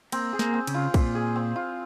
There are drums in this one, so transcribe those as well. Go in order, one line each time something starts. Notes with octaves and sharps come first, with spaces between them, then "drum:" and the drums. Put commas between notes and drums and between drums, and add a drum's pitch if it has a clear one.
A#3 C4, drum: cymbal
G#4
A#3, drum: snare
C4
C#3, drum: cymbal
F4
A#2 C4, drum: kick, cymbal
G#4
C4
F4